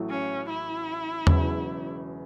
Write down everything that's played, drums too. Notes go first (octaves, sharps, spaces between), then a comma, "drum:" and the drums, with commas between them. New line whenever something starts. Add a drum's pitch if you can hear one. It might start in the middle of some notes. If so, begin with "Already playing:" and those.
Already playing: A1 A2 F#3 A3
C#4
E4
E1 E2 C#3 F#3, drum: tom E2